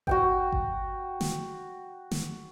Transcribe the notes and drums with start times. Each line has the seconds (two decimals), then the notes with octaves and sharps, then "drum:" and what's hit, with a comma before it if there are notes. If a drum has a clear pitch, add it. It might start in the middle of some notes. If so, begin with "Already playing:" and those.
0.07 F#4 F#5 G5, drum: kick G1
0.52 drum: kick G1
1.21 drum: snare
2.11 drum: snare